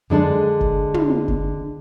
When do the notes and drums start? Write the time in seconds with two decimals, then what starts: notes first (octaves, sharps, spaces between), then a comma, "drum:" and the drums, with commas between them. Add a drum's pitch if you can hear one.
0.10 D3 G#3 D4 A4
0.61 drum: kick F#1
0.94 drum: tom
1.28 drum: kick F#1